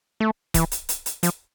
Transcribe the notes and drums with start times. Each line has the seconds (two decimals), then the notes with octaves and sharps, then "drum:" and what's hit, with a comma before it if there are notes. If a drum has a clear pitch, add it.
0.20 A3
0.54 E3, drum: kick C#1, hi-hat
0.72 drum: hi-hat
0.89 drum: hi-hat
1.06 drum: hi-hat
1.23 F3, drum: hi-hat